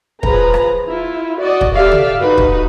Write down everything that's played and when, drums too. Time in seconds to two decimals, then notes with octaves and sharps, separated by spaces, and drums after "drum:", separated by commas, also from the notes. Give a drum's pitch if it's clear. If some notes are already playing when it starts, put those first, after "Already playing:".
0.23 F3 G#4 B4 A#5, drum: kick
0.54 drum: rim click
0.88 E4 F4
1.39 F#4 D5 D#5
1.61 drum: kick
1.74 G4 A4 D5 E5 F5
1.92 drum: tom
2.19 D#4 F#4 B4
2.38 drum: kick